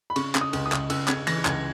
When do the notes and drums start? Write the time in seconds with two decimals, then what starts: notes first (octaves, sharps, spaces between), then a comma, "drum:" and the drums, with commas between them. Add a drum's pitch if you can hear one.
0.10 B5
0.16 C#3 C#6, drum: cymbal
0.35 C#3, drum: clap
0.41 D#6
0.53 C#2, drum: cymbal
0.66 D#6
0.72 C#2, drum: clap
0.90 C#2 E6, drum: cymbal
1.08 C#3 G#6, drum: clap
1.27 E3 A#6, drum: cymbal
1.45 C#2 G#6, drum: clap